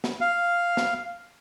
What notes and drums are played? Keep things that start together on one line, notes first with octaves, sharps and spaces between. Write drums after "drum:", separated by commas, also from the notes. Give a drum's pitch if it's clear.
drum: snare
F5
drum: snare